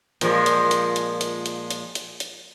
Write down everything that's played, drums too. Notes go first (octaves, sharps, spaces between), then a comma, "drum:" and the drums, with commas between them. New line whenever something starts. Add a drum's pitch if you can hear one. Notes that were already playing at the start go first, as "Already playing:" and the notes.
A#2 F3 G#3, drum: hi-hat
drum: hi-hat
drum: hi-hat
drum: hi-hat
drum: hi-hat
drum: hi-hat
drum: hi-hat
drum: hi-hat
drum: hi-hat